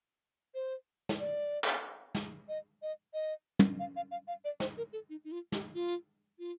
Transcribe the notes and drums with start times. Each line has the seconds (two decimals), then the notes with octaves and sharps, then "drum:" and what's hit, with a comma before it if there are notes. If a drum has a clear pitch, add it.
0.55 C5
1.09 drum: snare
1.20 D5
1.64 drum: clap
2.15 drum: snare
2.49 D#5
2.82 D#5
3.14 D#5
3.59 drum: tom
3.79 F5
3.96 F5
4.11 F5
4.28 F5
4.45 D5
4.60 C5, drum: snare
4.78 A#4
4.93 A4
5.10 D#4
5.25 D#4
5.32 F4
5.52 G4, drum: snare
5.75 F4
6.39 F4